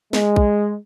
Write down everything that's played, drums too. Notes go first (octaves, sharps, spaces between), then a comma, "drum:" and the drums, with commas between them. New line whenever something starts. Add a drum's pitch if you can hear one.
G#3, drum: snare
drum: kick A#1